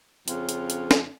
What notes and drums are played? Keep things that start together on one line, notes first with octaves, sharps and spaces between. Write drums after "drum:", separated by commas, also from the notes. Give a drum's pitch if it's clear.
F2 C#3 C#4 F4, drum: hi-hat
drum: hi-hat
drum: hi-hat
drum: snare